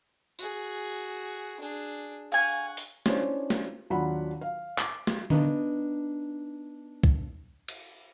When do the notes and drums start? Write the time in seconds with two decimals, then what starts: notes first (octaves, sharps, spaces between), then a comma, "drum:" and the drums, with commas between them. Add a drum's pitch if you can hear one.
0.39 F#4 G#4, drum: tambourine
1.60 D4 G#4
2.32 F5 F#5 G#5 C#6
2.77 drum: open hi-hat
3.06 C#4 D4 E4 C5 C#5, drum: snare
3.50 drum: snare
3.90 D#2 F#3 D4 F4 F#5 B5
4.41 F5
4.78 D6, drum: clap
5.07 drum: snare
5.30 B3 D4 D#4, drum: tom D3
7.03 drum: kick
7.68 drum: cymbal